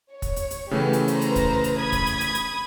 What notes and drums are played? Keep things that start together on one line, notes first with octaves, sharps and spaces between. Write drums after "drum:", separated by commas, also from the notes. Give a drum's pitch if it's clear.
C#5
drum: kick, hi-hat
drum: hi-hat
drum: hi-hat
C#3 E3 A3 B3 G4
drum: hi-hat
B4 C5 A#5, drum: hi-hat
drum: hi-hat
drum: kick, hi-hat
drum: hi-hat
B5 D#6 G#6
drum: kick, hi-hat
drum: hi-hat
drum: hi-hat
drum: hi-hat